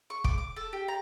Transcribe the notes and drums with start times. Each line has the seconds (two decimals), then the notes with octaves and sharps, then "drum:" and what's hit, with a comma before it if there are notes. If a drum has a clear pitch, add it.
0.10 C#6
0.24 D6, drum: kick
0.38 D6
0.56 A4
0.73 G4
0.88 A#5